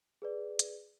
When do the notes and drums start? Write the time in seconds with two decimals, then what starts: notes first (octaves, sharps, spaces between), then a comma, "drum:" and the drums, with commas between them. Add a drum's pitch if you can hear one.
0.22 G#4 B4 D5
0.59 drum: hi-hat